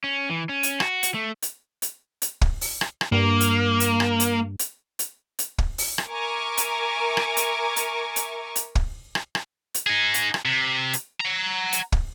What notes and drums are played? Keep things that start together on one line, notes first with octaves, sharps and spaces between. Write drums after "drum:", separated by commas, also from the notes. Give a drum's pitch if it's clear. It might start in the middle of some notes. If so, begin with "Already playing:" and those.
C#4
E3
C#4
drum: hi-hat
F#4, drum: rim click
drum: hi-hat
A3
drum: hi-hat
drum: hi-hat
drum: hi-hat
drum: kick
drum: open hi-hat
drum: rim click
drum: rim click
G2 A#3
drum: hi-hat
drum: hi-hat
drum: rim click
drum: hi-hat
drum: hi-hat
drum: hi-hat
drum: hi-hat
drum: kick
drum: open hi-hat
drum: rim click
A#4 E5 G#5 A#5 C#6 D6
drum: hi-hat
drum: rim click
drum: hi-hat
drum: hi-hat
drum: hi-hat
drum: hi-hat
drum: kick
drum: rim click
drum: rim click
drum: hi-hat
D#4 G#4
drum: hi-hat
drum: rim click
C3
drum: hi-hat
F#5 A#5
drum: hi-hat
drum: kick